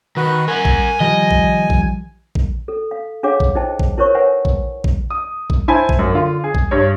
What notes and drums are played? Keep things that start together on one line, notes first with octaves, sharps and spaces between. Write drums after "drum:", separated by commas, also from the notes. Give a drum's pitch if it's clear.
D#3 F#4 B4
A#4 F#5 G#5
drum: kick A#1
D#3 F3 G3 D#5
drum: kick A#1
drum: kick A#1
drum: kick A#1
A4
F5
D4 G#4 C#5 F5 F#5 D6
drum: kick A#1
D#4 E4 C5 D#5 G5 A5
drum: kick A#1
E4 A#4 C5 C#5 C#6
A#4 B4 C#5 E5 F#5 G#5
drum: kick A#1
drum: kick A#1
D#6
drum: kick A#1
E4 C5 G#5 A5 B5
drum: kick A#1
F#2
D3 F4
G#4
drum: kick A#1
G2 C#5